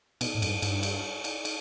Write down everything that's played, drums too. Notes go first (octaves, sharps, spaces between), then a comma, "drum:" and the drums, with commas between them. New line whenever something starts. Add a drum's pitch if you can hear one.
B2, drum: cymbal
A2
F#2, drum: cymbal
G2
G2, drum: cymbal
drum: cymbal
drum: cymbal
drum: cymbal